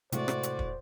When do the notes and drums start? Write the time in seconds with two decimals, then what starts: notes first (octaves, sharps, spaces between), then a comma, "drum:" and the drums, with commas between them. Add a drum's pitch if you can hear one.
0.12 A2 C3 G#3 A3 F#4 C5 D5, drum: hi-hat
0.28 drum: rim click
0.43 drum: hi-hat
0.59 drum: kick